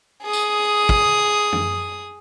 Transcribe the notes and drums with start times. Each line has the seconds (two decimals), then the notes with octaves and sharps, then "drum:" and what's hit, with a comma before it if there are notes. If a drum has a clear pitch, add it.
0.23 G#4 D#6
0.33 drum: tambourine
0.89 drum: kick
1.53 drum: tom F#2